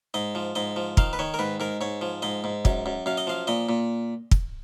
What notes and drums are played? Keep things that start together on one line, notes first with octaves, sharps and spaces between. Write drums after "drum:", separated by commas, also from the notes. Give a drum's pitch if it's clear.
G#2 D#5
F3
G#2 D#5
F3
D#3 F5, drum: kick
B4
D#3 C#5
A#4
G#2 B4
G#2 A#4
G#2 C#5
F3
G#2 D#5
G#2
F#2, drum: kick
F#2
F#2 F5
D#5
F3 F5
A#2 D#5
A#2
drum: kick